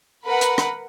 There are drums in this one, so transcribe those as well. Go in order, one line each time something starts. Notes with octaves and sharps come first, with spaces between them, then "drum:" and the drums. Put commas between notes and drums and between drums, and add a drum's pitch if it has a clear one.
A#4 B4 F#5 B5
drum: hi-hat
drum: rim click